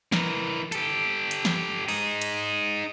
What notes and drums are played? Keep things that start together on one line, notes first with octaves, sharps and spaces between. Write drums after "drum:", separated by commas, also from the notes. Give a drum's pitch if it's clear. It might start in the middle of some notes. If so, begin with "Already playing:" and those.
E3 A#4, drum: snare
G4 A4, drum: hi-hat
drum: hi-hat
drum: snare
D#4 G#4, drum: open hi-hat
drum: cymbal